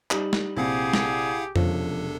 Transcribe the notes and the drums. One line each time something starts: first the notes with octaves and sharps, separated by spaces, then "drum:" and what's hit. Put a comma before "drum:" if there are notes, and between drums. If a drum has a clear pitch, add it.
G3 D#4, drum: clap
drum: snare
A#1 C3 E4 G4 G#4 F5 F#5
drum: snare
E1 C3 F3 C#4 D4 A4, drum: tom F2